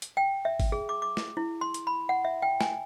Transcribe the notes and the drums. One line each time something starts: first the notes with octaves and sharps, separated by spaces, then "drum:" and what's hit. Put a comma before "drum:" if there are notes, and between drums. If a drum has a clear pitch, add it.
drum: hi-hat
G5
E5
drum: kick, open hi-hat
G#4
D6
D6
drum: snare
E4
C6
drum: hi-hat
B5
F#5
E5
G5
G#5, drum: snare